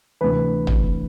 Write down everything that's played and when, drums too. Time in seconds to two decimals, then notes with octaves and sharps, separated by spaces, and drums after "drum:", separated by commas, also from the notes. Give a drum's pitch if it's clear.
0.21 D2 C3 E3 B4
0.67 drum: tom